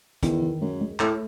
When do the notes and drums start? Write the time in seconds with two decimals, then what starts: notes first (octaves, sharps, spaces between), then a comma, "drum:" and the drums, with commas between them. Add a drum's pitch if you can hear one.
0.23 E2 D#3, drum: kick, hi-hat
0.42 D#3
0.61 F#2 G#3
0.81 G#3
1.00 A2 A3, drum: clap